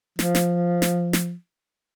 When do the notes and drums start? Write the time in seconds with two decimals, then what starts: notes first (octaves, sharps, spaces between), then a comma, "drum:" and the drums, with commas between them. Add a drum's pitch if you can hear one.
0.19 F3, drum: snare
0.35 drum: snare
0.82 drum: snare
1.13 drum: snare